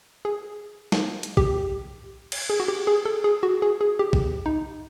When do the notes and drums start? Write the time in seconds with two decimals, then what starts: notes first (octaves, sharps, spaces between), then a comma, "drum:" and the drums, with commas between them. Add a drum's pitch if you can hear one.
0.25 G#4
0.92 drum: snare
1.23 drum: hi-hat
1.37 G4, drum: kick
2.32 drum: cymbal
2.50 G#4
2.60 F#4
2.68 G4
2.87 G#4
3.05 A4
3.24 G#4
3.43 F#4
3.62 G#4
3.81 G#4
3.99 G4
4.13 drum: kick
4.46 D#4